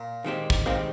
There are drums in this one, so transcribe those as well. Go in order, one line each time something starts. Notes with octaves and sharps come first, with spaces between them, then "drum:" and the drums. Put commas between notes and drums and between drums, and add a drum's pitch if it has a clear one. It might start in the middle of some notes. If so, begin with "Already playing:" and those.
Already playing: A#2
D#3 G#3 C4 G4
drum: kick
A#2 D#3 G#3 C4 G4